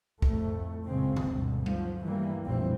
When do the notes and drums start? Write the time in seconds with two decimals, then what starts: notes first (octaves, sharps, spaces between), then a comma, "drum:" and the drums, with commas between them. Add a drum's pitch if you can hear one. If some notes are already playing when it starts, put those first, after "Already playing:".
0.22 F2 A2 A3, drum: kick
0.86 F#1 C#2 A#2 C#3 G#3 C4
1.16 drum: tom D3
1.30 D2 G2 B2
1.66 F3 F#3, drum: tom G3
2.03 D2 G2 E3 G3 A#3
2.45 F1 A#1 A#2 E3 G3 C4